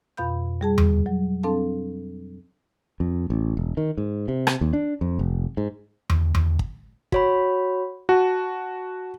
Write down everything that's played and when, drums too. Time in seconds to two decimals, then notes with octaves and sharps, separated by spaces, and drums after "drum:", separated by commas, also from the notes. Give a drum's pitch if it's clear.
0.17 F2 B2 F5 B5 G6
0.61 G3 G#4 A5
0.78 drum: tom E2
1.06 F#3
1.43 C4 D4 A4 F5 A5
3.00 F2
3.30 A1
3.57 E1
3.77 D#3
3.98 G#2
4.28 C3
4.47 drum: rim click
4.61 D#2
4.73 D4
5.01 F2
5.19 F1
5.57 G#2
6.10 drum: tom E2
6.35 drum: tom E2
6.59 drum: kick
7.12 F#4 C#5 B5, drum: kick
8.09 F#4 A5